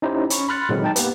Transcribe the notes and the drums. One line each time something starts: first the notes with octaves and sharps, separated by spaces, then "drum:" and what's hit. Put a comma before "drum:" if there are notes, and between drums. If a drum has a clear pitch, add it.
C#4 D#4 E4 G4 C5
C#4 B5 C#6, drum: hi-hat
B5 C6 F6 F#6 A6 C#7
A#2 D3 D#3 F#3 G#3 C4
D#4 G5 A5
A#3 B3 G4 B4, drum: hi-hat